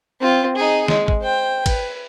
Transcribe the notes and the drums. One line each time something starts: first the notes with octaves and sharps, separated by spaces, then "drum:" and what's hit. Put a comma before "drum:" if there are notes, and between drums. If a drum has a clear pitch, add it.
C4 F4
D#4 G#4
G#3, drum: snare
drum: kick
C5 G5
B4, drum: kick, cymbal